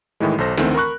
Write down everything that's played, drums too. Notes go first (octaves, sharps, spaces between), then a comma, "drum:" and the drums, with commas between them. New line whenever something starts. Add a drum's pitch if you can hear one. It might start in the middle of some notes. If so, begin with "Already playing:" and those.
A2 D#3 E3 G#3
B1 A4 C5 A#6
D2 D#3 E3 A3 C4, drum: snare
A#4 B5 C#6 F#6